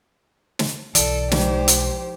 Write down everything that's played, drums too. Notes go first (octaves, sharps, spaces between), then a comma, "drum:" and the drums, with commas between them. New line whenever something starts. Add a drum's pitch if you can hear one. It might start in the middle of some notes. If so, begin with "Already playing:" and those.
drum: snare
B1 E3 A4 D5, drum: hi-hat
F3 G#3 D#4 G4 C5, drum: snare
drum: hi-hat